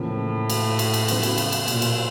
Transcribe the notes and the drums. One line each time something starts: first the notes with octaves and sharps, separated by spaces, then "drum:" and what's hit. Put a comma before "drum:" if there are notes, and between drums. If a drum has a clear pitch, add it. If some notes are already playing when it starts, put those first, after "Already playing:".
Already playing: E2 A2 C#3 F3 A#3
drum: cymbal
drum: cymbal
drum: cymbal
F2 C#3 F#3 B3 E4, drum: cymbal
drum: cymbal
drum: cymbal
drum: cymbal
A#2, drum: cymbal
drum: cymbal